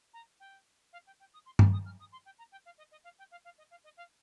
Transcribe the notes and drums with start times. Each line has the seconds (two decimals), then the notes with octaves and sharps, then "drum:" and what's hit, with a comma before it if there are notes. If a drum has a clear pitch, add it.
0.13 A#5
0.40 G5
0.92 F5
1.06 G5
1.20 G5
1.33 D#6
1.46 C6
1.59 F6, drum: tom G2
1.72 D#6
1.85 F6
1.99 D#6
2.12 C6
2.25 G5
2.38 A#5
2.51 G5
2.65 F5
2.78 D#5
2.91 D#5
3.04 F5
3.18 G5
3.31 F5
3.44 F5
3.58 D#5
3.70 F5
3.84 D#5
3.97 F5